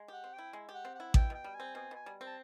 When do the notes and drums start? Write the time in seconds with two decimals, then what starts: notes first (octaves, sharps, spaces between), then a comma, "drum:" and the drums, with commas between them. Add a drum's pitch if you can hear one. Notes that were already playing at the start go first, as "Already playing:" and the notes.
Already playing: G#3
0.08 G4 F#5
0.24 C4
0.33 G5
0.38 E4
0.53 G#3
0.69 G4
0.74 F#5
0.85 C4
0.95 E4 F#5
1.14 B2 G5, drum: kick A1
1.30 B2 G5
1.44 G3
1.55 C4 G#5
1.75 B2 G#5
1.91 B2 G#5
2.06 G3
2.21 C4
2.27 A5